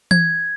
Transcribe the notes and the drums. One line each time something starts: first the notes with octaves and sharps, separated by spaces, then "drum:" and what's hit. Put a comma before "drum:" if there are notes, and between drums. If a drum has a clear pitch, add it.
G#6, drum: tom E3